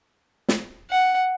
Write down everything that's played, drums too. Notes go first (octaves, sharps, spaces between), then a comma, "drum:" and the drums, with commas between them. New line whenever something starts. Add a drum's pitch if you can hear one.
drum: snare
F#5